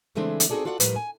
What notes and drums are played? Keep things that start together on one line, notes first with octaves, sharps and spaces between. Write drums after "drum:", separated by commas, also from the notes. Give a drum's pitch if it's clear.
C#3 E3 G#3 A3 C4 D4
drum: hi-hat
C4 D#4 F#4 G#4 A4 D5
F4 F#4 A4 D5 F5 F#5
A2 F3 G3 A#4 B4, drum: hi-hat
G#5